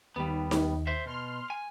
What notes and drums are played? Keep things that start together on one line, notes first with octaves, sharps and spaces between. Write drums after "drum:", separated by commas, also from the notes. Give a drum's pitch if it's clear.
D#2 G3 B3
drum: snare D#4
C5 E5
B2 C6 F6
G#5